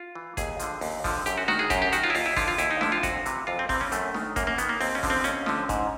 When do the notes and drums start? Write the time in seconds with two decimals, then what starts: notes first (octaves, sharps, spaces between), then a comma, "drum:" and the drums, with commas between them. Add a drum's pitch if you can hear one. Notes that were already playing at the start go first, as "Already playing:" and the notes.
Already playing: F4
0.15 E3
0.37 D#2 G#4, drum: kick G#1, hi-hat
0.60 D3 F3, drum: hi-hat
0.81 D#2, drum: open hi-hat
1.04 D3 F3, drum: kick G#1, open hi-hat
1.26 F#2 G4, drum: hi-hat
1.38 F#4
1.48 D#3 F#4, drum: snare D4
1.59 G#4
1.70 F#2 G4, drum: kick G#1, hi-hat
1.82 G4
1.92 D#3 F#4, drum: hi-hat
2.04 F4
2.10 E4
2.15 D#2 F4, drum: open hi-hat
2.26 E4
2.37 D3 F3 F4, drum: kick G#1, open hi-hat
2.48 F4
2.58 D#2 E4, drum: hi-hat
2.71 D#4
2.81 D3 F3 E4, drum: snare D4
2.92 F4
3.03 F2 F#4, drum: kick G#1, hi-hat
3.26 C3 E3, drum: hi-hat
3.47 F2 F4
3.59 C4
3.69 C3 E3 C4, drum: kick G#1, open hi-hat
3.81 C#4
3.92 F#2 A3, drum: hi-hat
4.14 D#3, drum: snare D4
4.36 F#2 A#3, drum: kick G#1, hi-hat
4.47 A#3
4.58 D#3 B3, drum: hi-hat
4.69 A#3
4.81 D#2 C4, drum: open hi-hat
4.95 C#4
5.03 D3 F3, drum: kick G#1, open hi-hat
5.10 C4
5.24 D#2 C#4, drum: hi-hat
5.46 D3 F3, drum: snare D4
5.69 G#2, drum: kick G#1, hi-hat